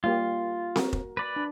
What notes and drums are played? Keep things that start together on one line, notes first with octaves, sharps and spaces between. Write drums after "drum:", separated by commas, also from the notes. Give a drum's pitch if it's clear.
G3 A#3 F4 G4
F#4 A#4, drum: snare C4
drum: kick F1
B4 D5 B5
D4